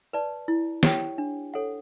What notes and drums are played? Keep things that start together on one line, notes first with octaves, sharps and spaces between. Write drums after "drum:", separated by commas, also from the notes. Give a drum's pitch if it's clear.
B4 D5 A5
E4
G4 C#5 G5, drum: snare
D4
A4 C#5 F#5